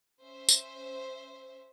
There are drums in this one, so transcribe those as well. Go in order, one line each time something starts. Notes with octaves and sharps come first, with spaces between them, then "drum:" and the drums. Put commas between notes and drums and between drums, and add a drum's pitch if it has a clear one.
C#4 C5 E5
drum: tambourine